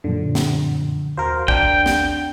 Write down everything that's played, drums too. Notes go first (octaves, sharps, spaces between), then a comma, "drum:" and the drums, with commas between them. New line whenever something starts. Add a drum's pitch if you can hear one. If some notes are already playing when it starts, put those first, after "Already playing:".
F#2 A#2 D3 F3
drum: snare
D#2 F#4 A#4 C5 F5
D#2 D4 G5, drum: kick
drum: snare